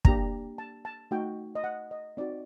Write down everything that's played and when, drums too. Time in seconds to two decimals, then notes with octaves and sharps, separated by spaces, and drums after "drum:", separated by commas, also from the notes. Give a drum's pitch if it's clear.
0.05 A#3 D4 G4 A#5, drum: kick
0.58 A5
0.85 A5
1.11 A3 D#4 F#4 G5
1.55 D#5
1.64 F#5
1.91 D#5
2.17 C4 D#4 F#4 D5